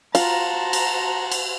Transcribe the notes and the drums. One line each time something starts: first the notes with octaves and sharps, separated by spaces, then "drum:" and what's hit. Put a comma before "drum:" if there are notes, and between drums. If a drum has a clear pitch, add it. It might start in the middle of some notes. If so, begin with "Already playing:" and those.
F4 F#4 C5 A5 A#5, drum: cymbal
drum: cymbal
drum: cymbal